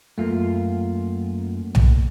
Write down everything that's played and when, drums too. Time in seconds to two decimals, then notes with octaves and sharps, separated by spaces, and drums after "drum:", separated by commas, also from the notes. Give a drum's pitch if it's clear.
0.18 F#2 A3 A#3 F4
1.75 drum: tom B1